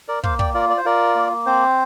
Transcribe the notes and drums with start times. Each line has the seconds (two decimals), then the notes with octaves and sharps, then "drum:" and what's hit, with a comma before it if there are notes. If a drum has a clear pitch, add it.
0.08 A#4 D5
0.24 A#3 C5 F5, drum: kick
0.39 D5 G5, drum: kick
0.54 F4 A#4 D5
0.70 D5
0.78 C5
0.85 F4 A#4 D5
1.15 A#3
1.46 C4 C5